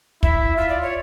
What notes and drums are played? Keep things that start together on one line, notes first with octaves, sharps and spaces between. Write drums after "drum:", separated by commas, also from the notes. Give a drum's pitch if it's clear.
E4 E5, drum: kick
F4 E5
D5
C#5